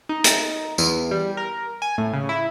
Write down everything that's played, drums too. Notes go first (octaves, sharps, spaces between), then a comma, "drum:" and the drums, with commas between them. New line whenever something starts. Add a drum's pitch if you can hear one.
D#4
drum: hi-hat
E2, drum: tambourine
G3
A#4
G#5
A2
C#3
E4